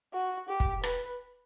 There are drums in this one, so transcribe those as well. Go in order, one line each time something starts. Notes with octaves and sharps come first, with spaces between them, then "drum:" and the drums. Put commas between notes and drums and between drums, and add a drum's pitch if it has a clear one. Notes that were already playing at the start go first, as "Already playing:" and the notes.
F#4
G4
drum: kick
B4, drum: rim click